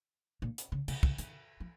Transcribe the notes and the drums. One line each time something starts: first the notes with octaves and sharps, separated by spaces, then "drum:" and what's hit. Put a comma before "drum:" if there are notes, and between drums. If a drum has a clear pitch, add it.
A#2
drum: hi-hat
C#3
C3, drum: cymbal
C#3, drum: kick
D#3, drum: hi-hat
F3